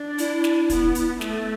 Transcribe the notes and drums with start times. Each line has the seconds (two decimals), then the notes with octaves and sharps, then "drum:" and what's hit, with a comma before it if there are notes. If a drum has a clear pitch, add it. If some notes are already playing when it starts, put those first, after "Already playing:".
Already playing: D4
0.18 E4, drum: hi-hat
0.44 drum: snare
0.70 B3, drum: kick, hi-hat
0.95 drum: hi-hat
1.21 A3, drum: snare